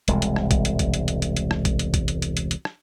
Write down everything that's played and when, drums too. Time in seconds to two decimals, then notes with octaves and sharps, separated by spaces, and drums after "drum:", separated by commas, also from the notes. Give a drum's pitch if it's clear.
0.08 E1 C2 G#3, drum: hi-hat
0.22 drum: hi-hat
0.36 drum: rim click
0.51 drum: kick A1, hi-hat
0.65 drum: hi-hat
0.79 drum: kick A1, hi-hat
0.94 drum: hi-hat
1.08 drum: hi-hat
1.22 drum: hi-hat
1.36 drum: hi-hat
1.51 drum: rim click
1.65 drum: kick A1, hi-hat
1.79 drum: hi-hat
1.94 drum: kick A1, hi-hat
2.08 drum: hi-hat
2.22 drum: hi-hat
2.37 drum: hi-hat
2.51 drum: hi-hat
2.65 drum: rim click